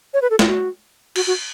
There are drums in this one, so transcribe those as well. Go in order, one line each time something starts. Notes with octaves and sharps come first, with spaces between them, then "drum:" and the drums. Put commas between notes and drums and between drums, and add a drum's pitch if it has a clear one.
C#5
B4
A4
F4, drum: snare
F#4
F#4, drum: cymbal
F#4